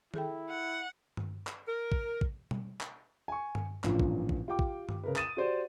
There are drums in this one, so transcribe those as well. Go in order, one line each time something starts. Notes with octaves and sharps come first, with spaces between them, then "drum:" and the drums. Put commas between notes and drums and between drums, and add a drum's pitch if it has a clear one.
E4 G#4 A4 G5, drum: tom D#3
F#5
drum: tom G2
drum: clap
A#4
drum: kick
drum: kick
drum: tom B2
drum: clap
G#5 C#6
drum: tom G2
A1 G2 A#2 F3, drum: clap
drum: kick
drum: kick
F4 G4 G5 D6
drum: kick
drum: tom G2
C#3 A#4 B4
D#6 A6 D#7 E7, drum: clap
F#4 G4 C5 D5